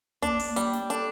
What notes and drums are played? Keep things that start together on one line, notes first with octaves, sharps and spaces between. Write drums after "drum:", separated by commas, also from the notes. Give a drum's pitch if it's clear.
A#3 D4, drum: kick, hi-hat
drum: open hi-hat
A#3
G3, drum: hi-hat
drum: snare
D4 A4, drum: hi-hat